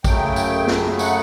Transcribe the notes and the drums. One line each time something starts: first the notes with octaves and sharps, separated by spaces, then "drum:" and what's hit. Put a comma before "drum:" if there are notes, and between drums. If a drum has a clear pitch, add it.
F#2 C#3 F#3 A3 G5, drum: kick A1, tambourine
drum: tambourine
drum: snare
F#5, drum: tambourine